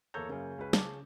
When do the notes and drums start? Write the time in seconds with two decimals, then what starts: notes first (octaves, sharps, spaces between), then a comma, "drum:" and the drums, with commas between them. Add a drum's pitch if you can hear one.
0.14 E2 A#3 A4 C#5 A#5 G6
0.29 F#2 C#3 A#3 C#4
0.58 C#2 B4
0.73 A5 D6, drum: snare